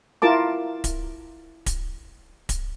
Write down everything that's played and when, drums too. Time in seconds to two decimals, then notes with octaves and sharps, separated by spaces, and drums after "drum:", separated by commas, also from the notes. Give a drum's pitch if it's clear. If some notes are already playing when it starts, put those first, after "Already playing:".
0.22 E4 F4 A#4 A5 D6
0.84 drum: kick D1, hi-hat
1.66 drum: kick D1, hi-hat
2.49 drum: kick D1, hi-hat